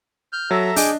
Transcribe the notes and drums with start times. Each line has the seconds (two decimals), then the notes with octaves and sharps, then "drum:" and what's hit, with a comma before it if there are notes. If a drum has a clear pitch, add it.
0.33 F6 G6
0.51 F#3 A4 E5 A#5
0.76 D4 G#4 D#5 D6 G6, drum: open hi-hat